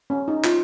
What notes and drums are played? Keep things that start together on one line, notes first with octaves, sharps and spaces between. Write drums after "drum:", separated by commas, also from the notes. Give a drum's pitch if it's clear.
C#4
D#4
F4, drum: clap